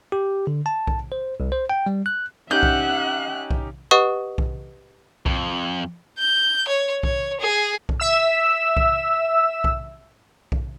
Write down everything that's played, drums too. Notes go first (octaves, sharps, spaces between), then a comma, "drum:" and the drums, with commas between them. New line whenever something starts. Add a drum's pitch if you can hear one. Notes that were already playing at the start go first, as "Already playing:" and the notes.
G4
D3
A5
drum: kick B1
C5
C2
C5
G5
G3
F#6
C#4 D#4 G4 E5 F#5 F#6 G6
drum: kick B1
drum: kick B1
G4 B4 D#5 F#5 C#6 D#6
drum: kick B1
F2, drum: kick B1
G6
C#5
C#5, drum: kick B1
G#4
drum: kick B1
E5 E6
drum: kick B1
drum: kick B1
drum: kick B1